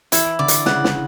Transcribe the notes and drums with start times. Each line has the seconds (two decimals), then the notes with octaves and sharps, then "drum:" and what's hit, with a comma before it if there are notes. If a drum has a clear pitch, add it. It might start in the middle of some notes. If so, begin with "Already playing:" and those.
0.12 E3 E4, drum: hi-hat
0.39 D3 D5
0.48 drum: hi-hat
0.66 C#3 F#5, drum: snare
0.84 drum: snare